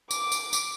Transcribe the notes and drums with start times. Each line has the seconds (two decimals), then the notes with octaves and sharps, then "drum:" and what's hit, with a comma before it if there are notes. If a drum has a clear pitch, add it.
0.11 D6, drum: tambourine
0.32 drum: tambourine
0.53 drum: tambourine